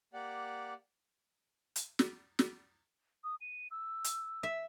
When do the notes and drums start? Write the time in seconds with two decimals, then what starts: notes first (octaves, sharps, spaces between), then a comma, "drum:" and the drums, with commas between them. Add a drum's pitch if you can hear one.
0.13 A#3 G4 D5 F#5
1.76 drum: hi-hat
1.99 drum: snare
2.39 drum: snare
3.24 D#6
3.41 D#7
3.71 E6
4.04 drum: hi-hat
4.43 E5